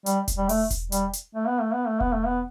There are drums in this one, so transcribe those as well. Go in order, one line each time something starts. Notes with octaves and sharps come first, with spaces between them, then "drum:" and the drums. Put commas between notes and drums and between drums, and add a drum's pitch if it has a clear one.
G3, drum: hi-hat
drum: kick E1, hi-hat
G3
A3, drum: open hi-hat
drum: kick E1, hi-hat
G3, drum: hi-hat
drum: hi-hat
A3
B3
A3
B3
A3
B3, drum: kick E1
A3
B3